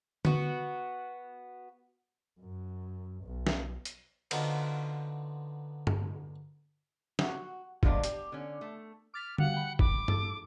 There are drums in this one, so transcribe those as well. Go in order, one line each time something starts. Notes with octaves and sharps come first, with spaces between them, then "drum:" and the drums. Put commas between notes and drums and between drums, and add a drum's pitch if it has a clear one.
B3 F#4, drum: tom D3
F#2
B1
drum: snare
drum: hi-hat
D3 B3 C4 D#4 F4 F#4, drum: cymbal
drum: tom
F#4, drum: snare
F3 F#3 G#3 B3 D4 F4, drum: kick
G4, drum: hi-hat
D3 C#4
A3
D6 F6 A6 B6
G3 F#4 F5 F#5, drum: tom D3
G5 B5
B5 D6, drum: kick
A4 E6, drum: tom